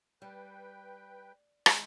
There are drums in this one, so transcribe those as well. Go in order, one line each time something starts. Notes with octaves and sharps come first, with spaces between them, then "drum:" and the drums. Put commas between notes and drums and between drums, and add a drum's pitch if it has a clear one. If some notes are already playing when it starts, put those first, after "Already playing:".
G3 B4 G5
D#3 G#3 G5, drum: rim click